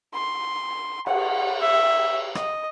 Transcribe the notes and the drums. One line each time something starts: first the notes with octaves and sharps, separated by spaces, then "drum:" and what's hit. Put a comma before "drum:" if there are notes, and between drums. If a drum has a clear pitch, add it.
C6
F#5, drum: cymbal
E5
D#5, drum: rim click